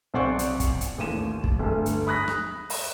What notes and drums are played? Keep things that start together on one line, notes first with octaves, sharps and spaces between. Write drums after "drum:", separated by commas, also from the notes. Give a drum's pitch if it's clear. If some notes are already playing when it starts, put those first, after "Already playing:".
B1 C3 C5 D5 F#5 C#6
drum: hi-hat
drum: kick, hi-hat
drum: hi-hat
A1 D#2 D#7 E7
drum: kick
G1 D2
drum: hi-hat
B5 D#6 F#6 A#6 B6
drum: rim click
drum: open hi-hat